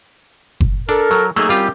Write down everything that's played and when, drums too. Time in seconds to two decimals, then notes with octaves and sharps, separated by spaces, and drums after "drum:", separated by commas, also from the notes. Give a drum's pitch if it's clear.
0.61 drum: kick F#1
0.89 D4 A4 A#4
1.11 F#3
1.36 D#3 F#3 A3 A#3 D#4 G#4
1.49 F#2 G3 C4 F4 G4